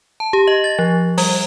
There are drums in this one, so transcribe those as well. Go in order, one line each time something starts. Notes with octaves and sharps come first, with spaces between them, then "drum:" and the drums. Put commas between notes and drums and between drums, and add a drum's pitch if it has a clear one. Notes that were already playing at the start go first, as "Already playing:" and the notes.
A5
G4
D#5
A6
F3
G3, drum: open hi-hat